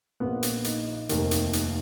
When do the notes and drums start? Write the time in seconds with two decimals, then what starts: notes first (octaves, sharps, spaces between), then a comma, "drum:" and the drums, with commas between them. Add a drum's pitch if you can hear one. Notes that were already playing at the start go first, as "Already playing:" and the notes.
0.20 A#1 A#2 B3
0.43 drum: hi-hat
0.64 D#4, drum: hi-hat
1.09 F1 D#2 D#3, drum: hi-hat
1.31 drum: hi-hat
1.53 drum: hi-hat